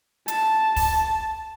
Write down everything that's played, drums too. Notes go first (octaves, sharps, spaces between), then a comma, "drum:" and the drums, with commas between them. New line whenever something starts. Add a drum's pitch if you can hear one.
A5, drum: hi-hat
drum: kick, open hi-hat